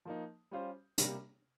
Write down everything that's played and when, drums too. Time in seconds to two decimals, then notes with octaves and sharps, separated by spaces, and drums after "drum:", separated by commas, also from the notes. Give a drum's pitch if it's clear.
0.05 F3 A#3 D#4
0.51 G3 C#4 F4 C5
0.98 C3 G3 A#3, drum: hi-hat